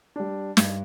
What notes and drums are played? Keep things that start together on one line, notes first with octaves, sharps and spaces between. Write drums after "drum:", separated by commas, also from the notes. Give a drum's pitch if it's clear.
G3 D4
G2, drum: snare